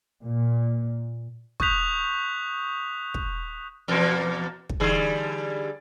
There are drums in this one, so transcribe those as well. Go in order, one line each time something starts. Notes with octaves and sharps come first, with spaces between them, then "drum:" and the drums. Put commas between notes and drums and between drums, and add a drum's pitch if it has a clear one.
A#2
C#6 D#6 F#6 G6 B6 F7, drum: kick
drum: kick
E2 B2 A#3
drum: kick
D3 G3 G#4